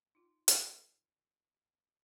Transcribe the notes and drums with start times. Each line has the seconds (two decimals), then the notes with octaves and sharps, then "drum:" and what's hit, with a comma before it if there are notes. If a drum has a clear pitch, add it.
0.15 D#4 F4
0.48 drum: hi-hat